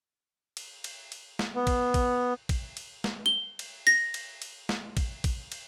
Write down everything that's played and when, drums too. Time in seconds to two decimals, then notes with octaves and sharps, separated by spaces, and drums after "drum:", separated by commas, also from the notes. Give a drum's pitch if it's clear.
0.57 drum: cymbal
0.84 drum: cymbal
1.12 drum: cymbal
1.39 drum: snare
1.55 B3
1.67 drum: kick, cymbal
1.94 drum: kick, cymbal
2.49 drum: kick, cymbal
2.77 drum: cymbal
3.04 drum: snare
3.26 G7
3.59 drum: cymbal
3.87 A#6, drum: cymbal
4.14 drum: cymbal
4.42 drum: cymbal
4.69 drum: snare
4.97 drum: kick, cymbal
5.24 drum: kick, cymbal
5.52 drum: cymbal